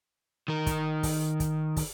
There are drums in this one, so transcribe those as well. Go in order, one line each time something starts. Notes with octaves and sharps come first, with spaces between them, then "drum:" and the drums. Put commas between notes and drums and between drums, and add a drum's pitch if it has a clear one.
D#3 A#4
drum: kick, hi-hat
drum: kick, open hi-hat
drum: kick, hi-hat
drum: kick, open hi-hat